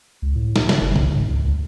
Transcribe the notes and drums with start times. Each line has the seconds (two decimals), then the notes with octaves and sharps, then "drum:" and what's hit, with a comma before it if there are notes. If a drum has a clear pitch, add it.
0.22 C#2
0.36 A2
0.56 A#2, drum: snare
0.69 C#3, drum: snare
0.81 F#1
0.96 C2, drum: tom
1.16 G#2
1.29 C#2
1.46 D2